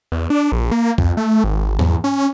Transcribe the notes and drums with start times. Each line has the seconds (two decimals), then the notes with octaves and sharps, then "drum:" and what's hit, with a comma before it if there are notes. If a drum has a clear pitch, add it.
0.12 E2
0.30 D4
0.52 A#1
0.71 A#3
0.98 F2, drum: kick
1.17 A3
1.44 G#1
1.79 E2, drum: tom G#2
2.04 C#4